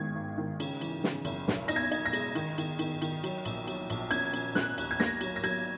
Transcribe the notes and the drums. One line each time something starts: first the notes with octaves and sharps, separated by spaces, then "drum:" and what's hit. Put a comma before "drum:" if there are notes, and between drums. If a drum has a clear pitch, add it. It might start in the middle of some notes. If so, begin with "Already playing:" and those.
Already playing: G#1 G#2 D#3 G#6
G#1
D#3
C#3, drum: cymbal
E3, drum: cymbal
C#3, drum: snare
F#1, drum: cymbal
B1, drum: snare
D#4 A#6, drum: cymbal
G#6
D#4, drum: cymbal
A#6
G#3, drum: cymbal
D#3, drum: cymbal
D#3, drum: cymbal
D#3, drum: cymbal
D#3, drum: cymbal
F#3, drum: cymbal
A#1, drum: cymbal
F#3, drum: cymbal
A#1, drum: cymbal
C#4 G#6, drum: cymbal
C#4, drum: cymbal
C#4 F#6, drum: snare
D#2, drum: cymbal
G#6
A#3 A#6, drum: snare
F#3, drum: cymbal
A#6
F#3 G#6, drum: cymbal